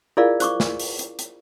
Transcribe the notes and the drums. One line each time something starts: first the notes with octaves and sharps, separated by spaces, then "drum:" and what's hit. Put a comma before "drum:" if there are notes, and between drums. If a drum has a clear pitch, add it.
E4 F4 G#4 A#4 D5 F5
C5 C#6 D6, drum: hi-hat
drum: snare
drum: open hi-hat
drum: hi-hat
drum: hi-hat